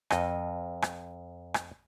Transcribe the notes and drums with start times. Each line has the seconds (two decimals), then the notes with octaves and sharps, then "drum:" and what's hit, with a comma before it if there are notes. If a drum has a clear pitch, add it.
0.10 F2 D#5, drum: rim click
0.82 drum: rim click
1.54 drum: rim click